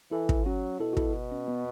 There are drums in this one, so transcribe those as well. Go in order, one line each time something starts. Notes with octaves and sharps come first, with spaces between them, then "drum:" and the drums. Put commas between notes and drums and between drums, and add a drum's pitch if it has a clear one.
E3 E4 A4
drum: kick
F#3 C#4 F#4
B2 E4 A4
F#4
E4 A4, drum: kick
C#4
B3